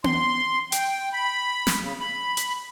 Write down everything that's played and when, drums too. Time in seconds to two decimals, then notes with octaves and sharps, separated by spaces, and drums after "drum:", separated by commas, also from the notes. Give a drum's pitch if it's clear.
0.04 C6, drum: tom B3
0.72 G5, drum: hi-hat
1.13 B5
1.67 drum: snare
1.80 C#3
2.00 B5
2.37 drum: hi-hat